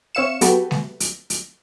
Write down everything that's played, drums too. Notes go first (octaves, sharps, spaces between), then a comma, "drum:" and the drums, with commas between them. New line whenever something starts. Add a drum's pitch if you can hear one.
C4 C#5 E5 F5 C#7 E7
F#3 B3 F#4 G4 A4 B4, drum: hi-hat
drum: snare G#3
drum: hi-hat
drum: hi-hat